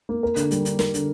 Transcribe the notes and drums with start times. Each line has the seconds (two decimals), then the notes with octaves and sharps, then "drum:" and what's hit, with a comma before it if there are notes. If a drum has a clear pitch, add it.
0.09 A#3
0.23 A#4
0.36 D3, drum: hi-hat
0.51 G3, drum: hi-hat
0.65 D4, drum: hi-hat
0.79 A#4, drum: snare
0.94 D3, drum: hi-hat